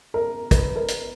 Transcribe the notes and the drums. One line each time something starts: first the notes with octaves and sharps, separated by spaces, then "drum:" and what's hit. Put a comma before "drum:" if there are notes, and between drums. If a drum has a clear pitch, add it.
A#4
B4, drum: kick, hi-hat
A#4
drum: hi-hat